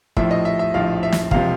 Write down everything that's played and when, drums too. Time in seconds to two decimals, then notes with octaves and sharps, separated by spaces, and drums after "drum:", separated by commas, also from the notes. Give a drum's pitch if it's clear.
0.17 A#1 A2 F3 E5, drum: kick
0.31 D#5
0.45 E5
0.59 E5
0.74 A#1 A2 F3 F5
1.03 E5
1.12 drum: snare
1.31 E1 C3 F3 F5, drum: kick